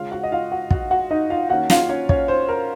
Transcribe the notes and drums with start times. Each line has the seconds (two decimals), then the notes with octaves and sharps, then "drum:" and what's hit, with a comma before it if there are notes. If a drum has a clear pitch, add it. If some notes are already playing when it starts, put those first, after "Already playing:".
Already playing: C#3 G#3 C#4 F4 F5
0.12 F#4 F#5
0.23 D#5
0.32 F4 F5
0.52 F#4 F#5
0.71 F#4 F#5, drum: kick
0.91 F#4 F#5
1.11 D#4 D#5
1.30 F4 F5
1.49 D#3 A#3 C#4 F#4 F#5
1.70 F4 F5, drum: snare
1.89 C#4 C#5
2.09 C#4 C#5, drum: kick
2.28 C5
2.49 A#4